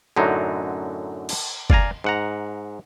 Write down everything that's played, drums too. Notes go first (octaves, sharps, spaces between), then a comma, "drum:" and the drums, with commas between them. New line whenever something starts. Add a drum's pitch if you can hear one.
F#2 A2 D3 F#3 D#4
drum: cymbal
D5 F5 G#5 A#5, drum: kick
G#2 F#5 A#5